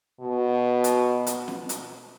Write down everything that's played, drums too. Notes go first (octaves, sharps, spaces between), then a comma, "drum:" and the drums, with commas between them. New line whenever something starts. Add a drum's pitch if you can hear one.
B2
drum: hi-hat
drum: hi-hat
drum: snare
drum: hi-hat